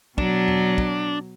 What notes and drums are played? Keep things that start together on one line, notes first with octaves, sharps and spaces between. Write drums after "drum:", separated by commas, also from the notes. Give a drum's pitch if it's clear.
B2 F#3 D4, drum: kick
drum: tom E2
drum: kick